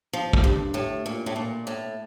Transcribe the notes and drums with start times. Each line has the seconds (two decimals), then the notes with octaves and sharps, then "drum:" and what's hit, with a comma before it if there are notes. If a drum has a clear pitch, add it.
0.13 F3
0.33 drum: kick
0.44 G2
0.74 A2
1.06 A#2
1.26 A2
1.36 A#2
1.67 A2